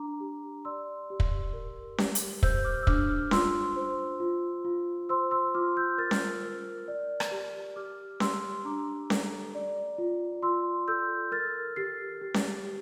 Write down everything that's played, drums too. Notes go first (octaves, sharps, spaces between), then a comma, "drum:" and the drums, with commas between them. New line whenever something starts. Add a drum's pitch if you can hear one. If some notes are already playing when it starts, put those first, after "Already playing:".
Already playing: D4 A#5 D6
G4
D5 C6 E6
G4
drum: kick
A#4
G4, drum: snare C#4
drum: hi-hat
C5 E6 G6, drum: kick
D6 F6
E6
D4 D6 F6, drum: kick
D6 F6
F4 C6 E6, drum: snare C#4
C5
F4
F4
C5 C6 E6
C6 E6
F4 D6 F6
E6 G6
A#4 F6 A6
drum: snare C#4
A#4
D5
drum: rim click
G4
G4 D6 F6
G4 C6 E6, drum: snare C#4
D4 A#5 D6
A4, drum: snare C#4
D5
F4
F4 C6 E6
A4 E6 G6
A#4 F6 A6
G4 A6 C7
G4
drum: snare C#4
G4